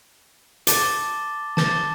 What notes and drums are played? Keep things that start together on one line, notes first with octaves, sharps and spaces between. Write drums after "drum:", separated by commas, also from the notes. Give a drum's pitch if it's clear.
A5 D6 A6 G7, drum: hi-hat
A5 D6 A6 G7, drum: snare